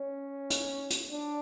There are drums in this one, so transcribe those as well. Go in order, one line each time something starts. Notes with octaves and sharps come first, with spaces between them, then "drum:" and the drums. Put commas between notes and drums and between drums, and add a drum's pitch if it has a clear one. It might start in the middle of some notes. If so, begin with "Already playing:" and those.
Already playing: C#4
drum: hi-hat
drum: hi-hat
D4